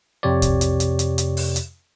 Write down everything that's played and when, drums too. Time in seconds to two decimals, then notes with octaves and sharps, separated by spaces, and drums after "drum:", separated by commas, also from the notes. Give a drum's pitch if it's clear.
0.23 F2 C3 G4 C#5 D5
0.42 drum: kick, hi-hat
0.61 drum: hi-hat
0.80 drum: hi-hat
0.99 drum: hi-hat
1.18 drum: hi-hat
1.37 drum: open hi-hat
1.56 drum: hi-hat